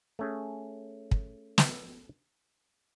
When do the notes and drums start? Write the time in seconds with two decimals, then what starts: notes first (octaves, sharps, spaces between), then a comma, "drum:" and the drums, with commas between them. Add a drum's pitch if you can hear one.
0.19 A3 C#4 G#4
1.11 drum: kick
1.58 drum: snare